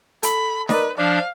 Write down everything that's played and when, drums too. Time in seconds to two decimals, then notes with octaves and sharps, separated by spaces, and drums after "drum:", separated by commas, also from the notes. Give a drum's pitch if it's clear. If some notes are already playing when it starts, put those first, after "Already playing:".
0.23 A4 B5, drum: hi-hat
0.69 A#4 B4 D5 D#5, drum: snare
0.98 F3 D4 D5 F5